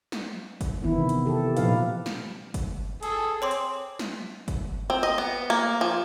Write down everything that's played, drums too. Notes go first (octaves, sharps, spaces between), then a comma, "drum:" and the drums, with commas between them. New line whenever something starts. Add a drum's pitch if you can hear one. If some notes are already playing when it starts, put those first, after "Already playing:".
drum: snare
drum: kick G1, hi-hat
D#3 E3 B3 E4
C3
drum: hi-hat
G4 A4
A#2 F3 D#4 B4 F5, drum: hi-hat
drum: snare
drum: kick G1, hi-hat
G#4 A4, drum: hi-hat
C4 C#5 C6 D6
drum: hi-hat
drum: snare
drum: kick G1, hi-hat
C4
D#5
B3
A#3
F3